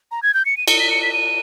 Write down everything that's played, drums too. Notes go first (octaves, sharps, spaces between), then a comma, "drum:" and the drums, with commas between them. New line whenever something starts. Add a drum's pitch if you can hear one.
A#5
G#6
G6
C#7
D#7
C#7, drum: cymbal
B6
C#7
B6
D#7